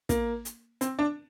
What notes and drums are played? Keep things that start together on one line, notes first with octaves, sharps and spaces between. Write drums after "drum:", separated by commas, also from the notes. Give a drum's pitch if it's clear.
A#3, drum: kick, hi-hat
drum: hi-hat
C4, drum: hi-hat
D4